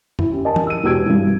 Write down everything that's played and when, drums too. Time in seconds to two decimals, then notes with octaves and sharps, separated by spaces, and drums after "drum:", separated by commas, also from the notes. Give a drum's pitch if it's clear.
0.19 E4, drum: tom F2
0.31 C#4 G4
0.45 A#4 D#5 G#5 A5
0.56 drum: tom
0.67 E6 D#7
0.83 E1 B2 G4 E6 G#6 D7
1.06 C2 G2